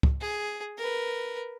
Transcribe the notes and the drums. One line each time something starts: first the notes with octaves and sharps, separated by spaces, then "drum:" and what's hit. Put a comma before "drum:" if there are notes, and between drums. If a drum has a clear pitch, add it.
drum: kick
G#4
A#4 B4